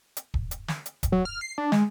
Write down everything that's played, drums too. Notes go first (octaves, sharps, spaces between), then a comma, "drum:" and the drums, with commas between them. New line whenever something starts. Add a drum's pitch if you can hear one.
drum: hi-hat
drum: kick
drum: hi-hat
drum: snare
drum: hi-hat
drum: kick, hi-hat
F#3
F6
C7
D4
G#3, drum: snare